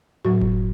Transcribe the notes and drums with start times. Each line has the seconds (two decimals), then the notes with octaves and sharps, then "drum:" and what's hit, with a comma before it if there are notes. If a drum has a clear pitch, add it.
0.25 A2 F#3 F#4
0.41 drum: kick F#1